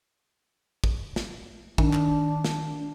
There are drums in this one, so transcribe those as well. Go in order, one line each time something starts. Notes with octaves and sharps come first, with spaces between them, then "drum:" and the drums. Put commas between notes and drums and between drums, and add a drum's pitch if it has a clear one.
drum: kick
drum: snare
D#3 D4, drum: kick
drum: clap
drum: snare